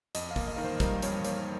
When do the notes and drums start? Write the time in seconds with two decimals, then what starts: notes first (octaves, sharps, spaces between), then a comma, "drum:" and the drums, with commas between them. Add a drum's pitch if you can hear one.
0.15 F2 D#5, drum: hi-hat
0.31 F5
0.36 A#3, drum: kick, open hi-hat
0.47 D#5
0.57 D#3 A#4
0.65 C5
0.80 G3 A#4, drum: kick, hi-hat
1.02 F2 C#5, drum: hi-hat
1.25 A#3 C#5, drum: hi-hat